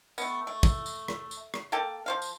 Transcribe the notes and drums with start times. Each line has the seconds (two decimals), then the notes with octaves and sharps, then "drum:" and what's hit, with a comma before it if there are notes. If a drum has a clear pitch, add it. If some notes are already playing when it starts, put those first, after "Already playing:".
0.18 A3 B3, drum: tambourine
0.47 A3
0.63 drum: kick, tambourine
0.86 drum: tambourine
1.08 drum: rim click
1.31 drum: tambourine
1.54 drum: rim click
1.72 A#3 A4 G5 A5
2.06 F3 C5 F5
2.22 drum: tambourine